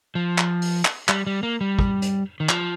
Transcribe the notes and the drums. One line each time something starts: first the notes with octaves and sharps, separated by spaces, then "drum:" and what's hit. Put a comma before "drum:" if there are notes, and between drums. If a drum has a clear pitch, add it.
F3
drum: clap
drum: open hi-hat
drum: clap
G3, drum: clap
G3
A#3
G3
drum: kick
drum: hi-hat
D#3
F3, drum: clap